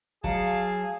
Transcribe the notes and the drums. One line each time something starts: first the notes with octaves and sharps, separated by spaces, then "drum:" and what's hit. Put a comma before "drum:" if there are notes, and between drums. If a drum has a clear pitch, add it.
F#3 G#4 F5 A5, drum: kick